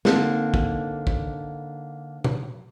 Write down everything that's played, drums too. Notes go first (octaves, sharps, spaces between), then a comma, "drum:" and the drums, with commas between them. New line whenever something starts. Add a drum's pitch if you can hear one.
D3 A#3 C4 D#4, drum: snare
drum: kick
drum: kick
drum: tom A#2